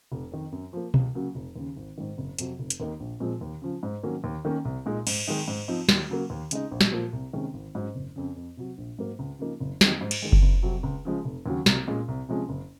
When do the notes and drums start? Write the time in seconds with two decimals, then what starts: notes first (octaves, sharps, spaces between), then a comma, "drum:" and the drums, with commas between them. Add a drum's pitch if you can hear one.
0.12 F1
0.32 F2 D#3
0.52 F#2
0.73 F3 A#3
0.94 C#2, drum: tom B2
1.15 C#3 F#3 A#3
1.35 F1
1.56 D#2 C#3
1.76 G#1
1.98 G#2 D#3
2.18 F#1
2.39 F2 C3 F#3, drum: hi-hat
2.59 F1
2.70 drum: hi-hat
2.80 D#2 D#3 A#3 D#4
3.00 A#1
3.20 A#2 F3 G#3 C4
3.41 D#2
3.62 C#3 F3
3.83 G#2
4.03 D#3 F#3 A#3 C#4
4.24 D#2
4.45 D#3 A#3 C#4
4.65 C2
4.86 A#2 G#3 D#4
5.07 G#2, drum: cymbal
5.27 D#3 G#3 D#4
5.48 G#2
5.68 F3 C4 D#4
5.89 D#2, drum: snare
6.10 C#3 F#3 A#3
6.30 D#2
6.51 C#3 G#3 D#4, drum: hi-hat
6.71 A#1
6.81 drum: snare
6.91 A#2 F3 A#3
7.13 C2
7.33 C3 D#3 G#3 C#4
7.54 G#1
7.74 G#2 F#3 C#4
7.95 F#1
8.16 F2 C#3
8.36 F2
8.57 C3 F#3
8.78 A#1
8.99 G#2 F#3 A#3
9.19 C#2
9.39 C#3 F3 A#3 D#4
9.60 F#1
9.81 F2 D#3 G#3 D#4, drum: snare
10.01 G#2
10.11 drum: cymbal
10.22 D#3 G#3
10.32 drum: kick F#1
10.42 F#1
10.63 F2 C3 F#3
10.83 C#2
11.05 C#3 F3 G#3
11.25 F1
11.46 D#2 C#3 F#3 C#4
11.66 C2, drum: snare
11.87 A#2 G#3 C#4
12.08 C2
12.29 C3 F3 G#3 C#4
12.49 F#1